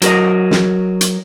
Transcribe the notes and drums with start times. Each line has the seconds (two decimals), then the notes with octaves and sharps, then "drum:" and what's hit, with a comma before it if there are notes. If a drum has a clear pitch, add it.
0.02 F#3 A#4 D#5, drum: hi-hat
0.51 drum: snare
1.01 drum: hi-hat